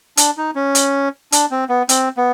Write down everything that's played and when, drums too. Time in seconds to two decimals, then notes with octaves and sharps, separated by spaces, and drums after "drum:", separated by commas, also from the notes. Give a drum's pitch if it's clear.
0.17 D4, drum: hi-hat
0.37 D#4
0.55 C#4
0.75 drum: hi-hat
1.32 D4, drum: hi-hat
1.51 C4
1.69 B3
1.89 C4, drum: hi-hat
2.17 B3